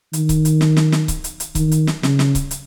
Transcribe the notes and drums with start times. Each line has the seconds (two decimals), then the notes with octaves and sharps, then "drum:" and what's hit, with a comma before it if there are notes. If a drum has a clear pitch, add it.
0.13 D#3, drum: hi-hat
0.29 drum: kick C#1, hi-hat
0.45 drum: hi-hat
0.61 drum: snare
0.77 drum: snare
0.92 drum: snare
1.08 drum: kick C#1, hi-hat
1.24 drum: hi-hat
1.40 drum: hi-hat
1.55 D#3, drum: kick C#1, hi-hat
1.71 drum: hi-hat
1.87 drum: snare
2.03 C#3, drum: snare
2.19 drum: snare
2.35 drum: kick C#1, hi-hat
2.51 drum: hi-hat